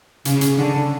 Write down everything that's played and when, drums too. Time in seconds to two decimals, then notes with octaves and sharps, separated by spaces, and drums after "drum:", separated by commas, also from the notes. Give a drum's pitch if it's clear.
0.25 C#3, drum: hi-hat
0.41 drum: hi-hat
0.58 D3